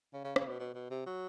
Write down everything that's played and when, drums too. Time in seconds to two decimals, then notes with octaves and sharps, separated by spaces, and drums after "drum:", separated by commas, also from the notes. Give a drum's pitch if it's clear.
0.13 C#3
0.24 C#3
0.36 C#3, drum: rim click
0.47 B2
0.59 B2
0.75 B2
0.90 C3
1.06 F#3